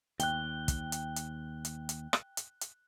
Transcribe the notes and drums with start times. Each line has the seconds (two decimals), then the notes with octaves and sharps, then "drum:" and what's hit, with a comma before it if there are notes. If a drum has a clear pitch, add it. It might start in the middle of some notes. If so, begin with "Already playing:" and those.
0.20 D#2 G5 F#6 G7, drum: hi-hat
0.68 drum: kick, hi-hat
0.92 drum: hi-hat
1.16 drum: hi-hat
1.65 drum: hi-hat
1.89 drum: hi-hat
2.13 drum: rim click
2.37 drum: hi-hat
2.61 drum: hi-hat